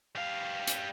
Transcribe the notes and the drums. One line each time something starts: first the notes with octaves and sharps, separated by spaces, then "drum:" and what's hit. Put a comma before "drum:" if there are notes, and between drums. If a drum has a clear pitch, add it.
G3 F5
drum: hi-hat